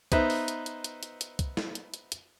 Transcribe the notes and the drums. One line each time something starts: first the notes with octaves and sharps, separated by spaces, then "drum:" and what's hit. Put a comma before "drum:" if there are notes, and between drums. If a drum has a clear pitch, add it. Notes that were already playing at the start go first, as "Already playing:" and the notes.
B3 D#4 B4 C5 E5, drum: kick, hi-hat
drum: open hi-hat
drum: hi-hat
drum: hi-hat
drum: hi-hat
drum: hi-hat
drum: hi-hat
drum: kick, hi-hat
drum: snare
drum: hi-hat
drum: hi-hat
drum: hi-hat